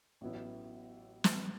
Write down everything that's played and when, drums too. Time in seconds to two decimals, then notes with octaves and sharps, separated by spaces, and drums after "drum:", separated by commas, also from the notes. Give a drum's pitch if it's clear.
0.21 A1 A2 F#3 B3 E4
1.24 drum: snare